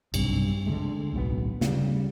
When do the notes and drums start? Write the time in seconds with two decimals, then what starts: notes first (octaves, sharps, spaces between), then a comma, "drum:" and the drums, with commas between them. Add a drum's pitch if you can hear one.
0.14 B1 G2 C3, drum: cymbal
0.67 D3 D#3 G#3 A3
1.13 D1 B1 C3 B3
1.61 C#3 G3, drum: snare